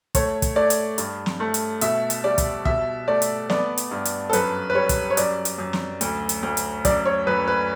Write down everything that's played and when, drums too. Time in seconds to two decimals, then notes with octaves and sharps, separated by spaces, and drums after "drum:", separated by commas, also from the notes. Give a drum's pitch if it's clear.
0.15 A3 C#5, drum: kick, hi-hat
0.42 drum: kick, hi-hat
0.56 A3 D5
0.70 drum: hi-hat
0.98 G2, drum: hi-hat
1.26 drum: snare
1.40 A3
1.54 drum: hi-hat
1.81 B2 E5, drum: hi-hat
2.10 drum: hi-hat
2.24 G3 D5
2.38 drum: kick, hi-hat
2.65 B2 E5, drum: kick
3.08 A3 D5
3.22 drum: hi-hat
3.50 B3 D5, drum: snare
3.77 drum: hi-hat
3.91 G2
4.05 drum: hi-hat
4.30 A4
4.33 F#2 B4, drum: hi-hat
4.70 B4
4.75 G3 C#5
4.89 drum: kick, hi-hat
5.10 C#5
5.17 F#2 D5, drum: hi-hat
5.45 drum: hi-hat
5.58 F#2
5.73 drum: snare
6.01 D2, drum: hi-hat
6.29 drum: hi-hat
6.43 D2
6.57 drum: hi-hat
6.85 F#2 D5, drum: kick, hi-hat
7.05 C#5
7.27 F#2 B4
7.48 B4